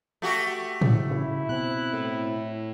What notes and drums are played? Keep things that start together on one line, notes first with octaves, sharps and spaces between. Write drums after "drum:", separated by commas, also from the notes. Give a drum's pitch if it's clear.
A3 F#4 G4
drum: tom
C#3 E4
B2 C4 F#6
A2